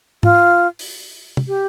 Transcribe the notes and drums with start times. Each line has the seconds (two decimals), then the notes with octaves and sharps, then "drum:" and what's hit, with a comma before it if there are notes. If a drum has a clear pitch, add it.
0.23 F4, drum: tom G#2
0.79 drum: open hi-hat
1.37 drum: tom
1.48 G4